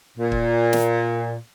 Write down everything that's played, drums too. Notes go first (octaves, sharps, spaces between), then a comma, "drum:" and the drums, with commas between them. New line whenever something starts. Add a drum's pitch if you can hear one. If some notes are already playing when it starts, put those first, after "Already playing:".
A#2
drum: kick
drum: snare